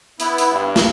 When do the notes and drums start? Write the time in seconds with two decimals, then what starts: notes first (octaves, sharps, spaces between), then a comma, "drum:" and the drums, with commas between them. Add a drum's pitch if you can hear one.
0.20 B3 E4, drum: hi-hat
0.38 drum: hi-hat
0.52 G2
0.76 drum: snare